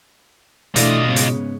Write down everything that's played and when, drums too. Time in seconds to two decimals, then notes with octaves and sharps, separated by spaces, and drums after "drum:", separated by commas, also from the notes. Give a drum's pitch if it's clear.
0.76 B2 E3 A3 D4 E4 F4 D5 D#5, drum: hi-hat
1.07 G#2 C#3 B3 C#4 G#4
1.16 drum: hi-hat